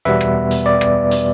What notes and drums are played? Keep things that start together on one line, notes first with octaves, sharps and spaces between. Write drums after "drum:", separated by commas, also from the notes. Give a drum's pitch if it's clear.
E2 B2 G3 B3 B4 E5
drum: rim click
drum: hi-hat
D5
drum: rim click
drum: hi-hat